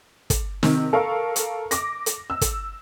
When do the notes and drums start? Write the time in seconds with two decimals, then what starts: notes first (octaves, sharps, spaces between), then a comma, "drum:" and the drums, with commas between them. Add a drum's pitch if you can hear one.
0.30 drum: kick, hi-hat
0.63 C3 D#3, drum: snare
0.93 A4 A#4 F5 C#6
1.36 drum: hi-hat
1.71 D6 A#6, drum: hi-hat
2.06 drum: hi-hat
2.30 E6
2.41 drum: kick, hi-hat